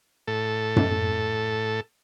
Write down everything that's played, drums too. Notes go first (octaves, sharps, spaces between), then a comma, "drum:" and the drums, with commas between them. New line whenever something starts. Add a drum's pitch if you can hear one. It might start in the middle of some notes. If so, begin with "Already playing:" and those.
A2 A4
drum: tom F#2